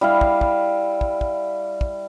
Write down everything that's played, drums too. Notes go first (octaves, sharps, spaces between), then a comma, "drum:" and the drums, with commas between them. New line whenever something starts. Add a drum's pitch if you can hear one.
G3 E4 F5
drum: kick
drum: kick
drum: kick
drum: kick
drum: kick